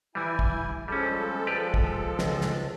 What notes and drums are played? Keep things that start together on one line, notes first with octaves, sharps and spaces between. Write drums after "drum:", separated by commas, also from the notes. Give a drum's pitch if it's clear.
E3 G3 E4 G#5
drum: kick
F3 G3 G#3 C#4 A4
G4 B4 D5
drum: kick
C#2, drum: snare
drum: snare